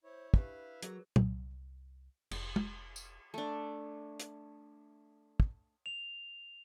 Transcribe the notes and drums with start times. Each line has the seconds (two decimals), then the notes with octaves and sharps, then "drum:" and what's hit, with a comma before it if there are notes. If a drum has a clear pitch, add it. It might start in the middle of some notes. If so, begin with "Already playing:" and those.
0.04 E4 C5 C#5
0.34 D4 E4 G4 B4 E5 F5, drum: kick
0.82 F#3 G4 G#4 A#4 A#5, drum: hi-hat
1.16 C2, drum: tom
2.31 F1, drum: cymbal
2.56 drum: tom
2.96 drum: tambourine
3.34 A3 D4
4.20 drum: hi-hat
5.40 drum: kick
5.86 F7